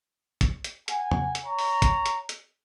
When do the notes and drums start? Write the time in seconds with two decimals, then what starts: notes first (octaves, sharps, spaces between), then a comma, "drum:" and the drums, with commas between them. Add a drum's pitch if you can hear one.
0.41 drum: kick, hi-hat
0.64 drum: hi-hat
0.88 F#5 G#5, drum: hi-hat
1.11 drum: tom
1.35 drum: hi-hat
1.45 C#5 A#5
1.59 drum: open hi-hat
1.82 drum: kick, hi-hat
2.06 drum: hi-hat
2.29 drum: hi-hat